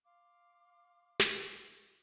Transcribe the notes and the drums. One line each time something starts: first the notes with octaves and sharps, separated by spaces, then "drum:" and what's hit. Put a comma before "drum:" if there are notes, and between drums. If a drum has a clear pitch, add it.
F5 C6 D6
drum: snare